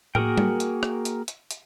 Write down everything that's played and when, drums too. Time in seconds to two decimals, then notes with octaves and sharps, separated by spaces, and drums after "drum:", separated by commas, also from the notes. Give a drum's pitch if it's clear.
0.15 A#3 F#4 G#4 A#4 G5, drum: tom
0.38 drum: tom G3
0.60 drum: hi-hat
0.83 drum: rim click
1.05 drum: hi-hat
1.28 drum: hi-hat
1.51 drum: hi-hat